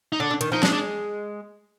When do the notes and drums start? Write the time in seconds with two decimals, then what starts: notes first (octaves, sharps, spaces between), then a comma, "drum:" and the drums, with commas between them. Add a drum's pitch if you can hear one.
0.12 D#4
0.20 D3 D4
0.31 D3
0.41 D#3, drum: hi-hat
0.52 F3 D#4
0.63 G#3 D4, drum: snare
0.73 D4